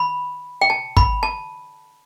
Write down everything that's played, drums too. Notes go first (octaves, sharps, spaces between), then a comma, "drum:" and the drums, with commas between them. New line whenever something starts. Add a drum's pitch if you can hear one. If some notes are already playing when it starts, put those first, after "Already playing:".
Already playing: B5
G5
A5
B5, drum: kick
A5